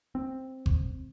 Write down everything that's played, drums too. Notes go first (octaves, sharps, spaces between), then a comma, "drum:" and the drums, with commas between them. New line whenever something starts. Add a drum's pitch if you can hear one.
C4
drum: kick G1